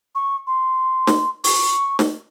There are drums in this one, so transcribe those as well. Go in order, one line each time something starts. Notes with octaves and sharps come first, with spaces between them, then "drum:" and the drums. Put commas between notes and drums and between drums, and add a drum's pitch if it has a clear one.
C#6
C6
drum: snare
C#6, drum: open hi-hat
drum: snare